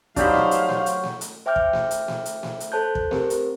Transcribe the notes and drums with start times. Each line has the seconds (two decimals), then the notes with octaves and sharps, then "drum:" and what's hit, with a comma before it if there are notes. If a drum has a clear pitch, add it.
0.16 F#3 D4 D#4 G4 C5 F5 B5, drum: kick, hi-hat
0.34 drum: snare A3
0.51 drum: hi-hat
0.69 drum: snare A3
0.86 drum: hi-hat
1.04 drum: snare A3
1.21 drum: hi-hat
1.46 C5 E5 G5 D6 F6 G6
1.56 drum: kick
1.73 drum: snare A3
1.91 drum: hi-hat
2.08 drum: snare A3
2.26 drum: hi-hat
2.43 drum: snare A3
2.60 drum: hi-hat
2.72 A4 C5 A5 F#6 G6
2.95 drum: kick
3.11 C4 G4 A#4 C5, drum: snare A3
3.30 drum: hi-hat